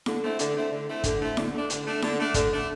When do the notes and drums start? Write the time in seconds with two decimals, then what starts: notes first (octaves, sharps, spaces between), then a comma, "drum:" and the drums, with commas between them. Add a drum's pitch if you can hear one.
0.06 D3, drum: snare E4
0.22 A3 C4 E4
0.39 D3, drum: hi-hat
0.55 A3 C4 E4
0.71 D3
0.88 A3 C4 E4
1.04 D3, drum: kick, hi-hat
1.21 A3 C4 E4
1.37 D3, drum: snare E4
1.53 A3 D4
1.70 D3, drum: hi-hat
1.86 A3 D4
2.02 D3, drum: snare E4
2.18 A3 D4
2.34 D3, drum: kick, hi-hat
2.51 A3 D4